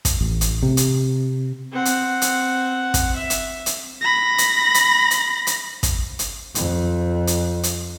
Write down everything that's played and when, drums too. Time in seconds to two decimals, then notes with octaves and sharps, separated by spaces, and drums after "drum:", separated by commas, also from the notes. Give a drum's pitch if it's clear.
0.05 drum: kick, hi-hat
0.21 A1
0.41 drum: hi-hat
0.63 C3
0.77 drum: hi-hat
1.72 C4 F#5
1.85 drum: hi-hat
2.22 drum: hi-hat
2.94 drum: kick, hi-hat
3.15 E5
3.30 drum: hi-hat
3.66 drum: hi-hat
4.01 B5 A#6
4.38 drum: hi-hat
4.74 drum: hi-hat
5.11 drum: hi-hat
5.47 drum: hi-hat
5.83 drum: kick, hi-hat
6.19 drum: hi-hat
6.55 F2, drum: hi-hat
7.27 drum: hi-hat
7.63 drum: hi-hat